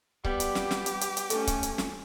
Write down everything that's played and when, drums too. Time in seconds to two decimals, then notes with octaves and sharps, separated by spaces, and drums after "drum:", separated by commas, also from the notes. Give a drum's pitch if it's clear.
0.25 G3 B3 G4, drum: kick C#1
0.40 drum: hi-hat
0.55 drum: snare
0.71 drum: snare
0.86 drum: hi-hat
1.01 drum: hi-hat
1.17 drum: hi-hat
1.30 A3 C#4 A4, drum: hi-hat
1.47 drum: kick C#1, hi-hat
1.63 drum: hi-hat
1.78 drum: snare